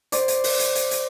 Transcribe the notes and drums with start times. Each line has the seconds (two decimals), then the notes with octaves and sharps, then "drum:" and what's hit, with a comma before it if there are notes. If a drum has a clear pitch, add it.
0.12 C5 D5, drum: hi-hat
0.28 drum: hi-hat
0.44 drum: open hi-hat
0.60 drum: hi-hat
0.75 drum: hi-hat
0.91 drum: hi-hat